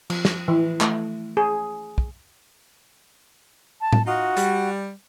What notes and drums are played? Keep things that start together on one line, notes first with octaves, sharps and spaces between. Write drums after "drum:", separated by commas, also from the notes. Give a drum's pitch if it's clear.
F3, drum: cymbal
drum: snare
E3
A3, drum: clap
G#4
drum: kick
A5
drum: tom A2
D#4 F4 F#4 D#5
G3, drum: hi-hat